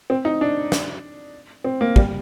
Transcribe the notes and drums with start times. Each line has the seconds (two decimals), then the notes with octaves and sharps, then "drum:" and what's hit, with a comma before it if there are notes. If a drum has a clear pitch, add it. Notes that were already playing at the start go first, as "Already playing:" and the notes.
0.10 C4
0.25 D#4
0.41 D4
0.72 drum: snare
1.64 C4
1.81 A#3
1.96 G3, drum: kick